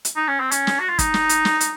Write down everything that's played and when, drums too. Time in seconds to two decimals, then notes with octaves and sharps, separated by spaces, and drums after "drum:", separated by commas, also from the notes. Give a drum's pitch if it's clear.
0.05 drum: hi-hat
0.16 D#4
0.28 C#4
0.40 C4
0.51 C#4, drum: hi-hat
0.67 drum: snare
0.80 F#4
0.89 F4
0.99 D#4, drum: kick, hi-hat
1.14 drum: snare
1.29 drum: hi-hat
1.45 drum: snare
1.61 drum: hi-hat